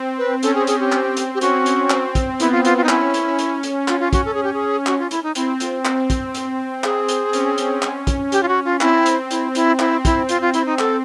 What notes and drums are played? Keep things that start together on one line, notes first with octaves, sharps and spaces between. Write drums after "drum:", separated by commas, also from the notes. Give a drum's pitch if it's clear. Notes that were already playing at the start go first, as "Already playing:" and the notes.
Already playing: C4
B4
C#4 A4, drum: hi-hat
G#4
G#4, drum: hi-hat
G4
C4, drum: clap
drum: hi-hat
G4
C#4 F#4, drum: hi-hat
drum: hi-hat
C4, drum: clap
drum: kick, hi-hat
B3 E4, drum: hi-hat
F4
F4, drum: hi-hat
F4
D#4
C#4 E4, drum: clap
drum: hi-hat
drum: hi-hat
drum: hi-hat
F4, drum: clap
F4
F#4, drum: kick, hi-hat
A4
G#4
G4
G#4
F#4, drum: clap
F4
E4, drum: hi-hat
D#4
C4 E4, drum: hi-hat
F4, drum: hi-hat
C4, drum: clap
drum: kick, hi-hat
drum: hi-hat
G#4, drum: clap
drum: hi-hat
C#4, drum: hi-hat
drum: hi-hat
drum: clap
drum: kick, hi-hat
G4, drum: hi-hat
F4
F#4
F4
C4 E4, drum: clap
drum: hi-hat
E4, drum: hi-hat
E4, drum: hi-hat
C4 E4, drum: clap
E4, drum: kick, hi-hat
F4, drum: hi-hat
F4
E4, drum: hi-hat
D#4
A4, drum: clap